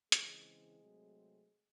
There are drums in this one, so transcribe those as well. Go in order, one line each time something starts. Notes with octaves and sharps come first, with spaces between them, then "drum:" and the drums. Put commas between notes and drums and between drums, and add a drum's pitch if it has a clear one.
C#3 E3 G#3 C4 G#4, drum: hi-hat
C3 F#3 A3 C4